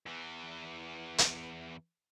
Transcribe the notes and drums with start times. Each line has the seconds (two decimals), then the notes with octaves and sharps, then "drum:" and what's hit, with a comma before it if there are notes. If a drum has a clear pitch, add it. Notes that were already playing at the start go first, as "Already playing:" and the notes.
0.06 E2 E3
1.18 drum: hi-hat